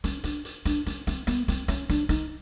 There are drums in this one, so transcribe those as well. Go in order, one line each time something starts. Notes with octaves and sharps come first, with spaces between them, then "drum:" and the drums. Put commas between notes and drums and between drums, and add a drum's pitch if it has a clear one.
C#4, drum: hi-hat
D4, drum: hi-hat
drum: hi-hat
D4, drum: hi-hat
C#4, drum: hi-hat
C4, drum: hi-hat
B3, drum: hi-hat
C4, drum: hi-hat
C#4, drum: hi-hat
D4, drum: hi-hat
D#4, drum: hi-hat